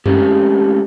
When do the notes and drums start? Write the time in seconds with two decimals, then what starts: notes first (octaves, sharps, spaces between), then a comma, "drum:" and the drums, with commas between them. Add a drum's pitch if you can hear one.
0.06 G#3 A3 C4 C#4 G4, drum: tom F#2